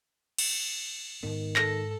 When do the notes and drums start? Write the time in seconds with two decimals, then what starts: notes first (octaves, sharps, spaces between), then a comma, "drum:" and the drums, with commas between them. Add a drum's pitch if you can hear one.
0.38 drum: cymbal
1.23 G#2 D#3 B3
1.56 G#2 A4 A#6, drum: clap